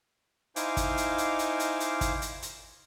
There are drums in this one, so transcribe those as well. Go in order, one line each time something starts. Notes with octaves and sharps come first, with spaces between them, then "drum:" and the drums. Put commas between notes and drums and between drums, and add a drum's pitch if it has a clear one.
D#4 E4 C5 F5 G#5 D6, drum: hi-hat
drum: kick, hi-hat
drum: hi-hat
drum: hi-hat
drum: hi-hat
drum: hi-hat
drum: hi-hat
drum: kick, hi-hat
drum: hi-hat
drum: hi-hat